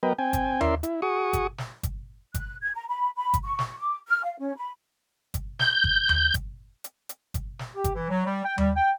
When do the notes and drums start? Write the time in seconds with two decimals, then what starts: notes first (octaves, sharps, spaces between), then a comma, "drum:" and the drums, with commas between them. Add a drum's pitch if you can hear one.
0.03 F#3 B3 A#4 B4 D#5 G5
0.19 C4 G5 G#5
0.33 drum: kick G1, hi-hat
0.61 C#4 E4 A#4 D5 E5 C6, drum: tom D#2
0.83 E4, drum: hi-hat
1.02 F#4 G#4 C#6 D#6
1.33 drum: kick G1, hi-hat
1.58 drum: snare
1.83 drum: kick G1, hi-hat
2.34 F#6, drum: kick G1, hi-hat
2.62 G#6
2.74 A#5
2.89 B5
3.16 B5
3.34 drum: kick G1, hi-hat
3.44 C#6
3.59 drum: snare
3.79 D6
4.07 F6
4.25 F5
4.39 C#4
4.57 B5
5.34 drum: kick G1, hi-hat
5.59 G6, drum: snare
5.84 drum: kick G1
6.09 drum: tom D#2
6.34 drum: kick G1, hi-hat
6.84 drum: hi-hat
7.09 drum: hi-hat
7.34 drum: kick G1, hi-hat
7.59 drum: snare
7.75 G4
7.84 drum: kick G1, hi-hat
7.95 E3
8.10 F#3
8.26 G3
8.45 G5
8.58 G3, drum: tom D#2
8.76 G5